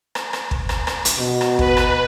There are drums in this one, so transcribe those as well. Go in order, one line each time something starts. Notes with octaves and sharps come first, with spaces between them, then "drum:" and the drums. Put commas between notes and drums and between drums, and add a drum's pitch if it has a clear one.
drum: rim click
drum: rim click
drum: kick
drum: rim click
drum: rim click
drum: hi-hat
B2
drum: rim click
B4, drum: kick
drum: rim click